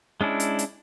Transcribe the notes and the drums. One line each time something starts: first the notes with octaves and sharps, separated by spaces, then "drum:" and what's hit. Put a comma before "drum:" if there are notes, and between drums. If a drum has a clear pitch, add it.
G#3 C#4 D4 E4
drum: hi-hat
drum: hi-hat